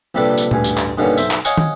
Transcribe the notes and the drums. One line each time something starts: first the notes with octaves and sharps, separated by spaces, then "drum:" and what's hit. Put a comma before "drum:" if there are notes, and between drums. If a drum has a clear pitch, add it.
A#1 C3 G3 D4 A4 B4
drum: tambourine
A1 D2 G2 G#5, drum: tom A#2
drum: tambourine
drum: clap
G2 B2 D3 D#3 A#3 C#4
B1 C5 E5, drum: tambourine
drum: clap
C#5 D#5 F5 F#5 G#5 C#6, drum: tambourine
drum: tom